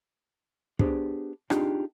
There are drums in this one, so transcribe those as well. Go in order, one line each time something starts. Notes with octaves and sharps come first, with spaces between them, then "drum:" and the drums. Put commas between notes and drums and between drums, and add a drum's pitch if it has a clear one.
B3 D4 G4 G#4 C5, drum: kick
C4 D4 D#4 F4 G4 G#4, drum: rim click